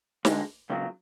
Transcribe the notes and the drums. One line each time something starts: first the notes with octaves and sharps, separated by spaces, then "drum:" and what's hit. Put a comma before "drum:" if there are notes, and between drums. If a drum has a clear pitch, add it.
D2 D3 G#3, drum: snare
C#2 C#3 F#3